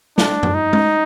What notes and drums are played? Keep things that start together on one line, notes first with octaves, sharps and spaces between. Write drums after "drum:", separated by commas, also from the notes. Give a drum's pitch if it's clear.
D4, drum: snare
drum: tom F#2
D#4
drum: tom G#3